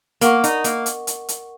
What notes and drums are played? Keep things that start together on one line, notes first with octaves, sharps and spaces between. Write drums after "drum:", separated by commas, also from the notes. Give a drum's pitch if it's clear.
A#3 A#4 F#5 C#6, drum: hi-hat
D#4, drum: hi-hat
A#3, drum: hi-hat
drum: hi-hat
drum: hi-hat
drum: hi-hat